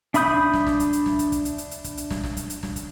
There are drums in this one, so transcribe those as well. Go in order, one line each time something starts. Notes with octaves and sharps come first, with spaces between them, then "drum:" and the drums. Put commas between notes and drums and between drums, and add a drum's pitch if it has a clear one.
D4 E5 B5 D#6 G6, drum: hi-hat
drum: kick
drum: snare
drum: snare
drum: hi-hat
drum: hi-hat
drum: snare
drum: kick, hi-hat
drum: kick, hi-hat
drum: hi-hat
drum: hi-hat
drum: hi-hat
drum: kick, hi-hat
drum: hi-hat
drum: snare
drum: snare
drum: hi-hat
drum: hi-hat
drum: snare
drum: kick, hi-hat